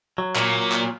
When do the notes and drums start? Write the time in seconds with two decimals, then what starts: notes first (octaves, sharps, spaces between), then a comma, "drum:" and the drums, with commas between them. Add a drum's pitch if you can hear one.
0.18 F#3
0.36 A#2, drum: clap
0.72 drum: clap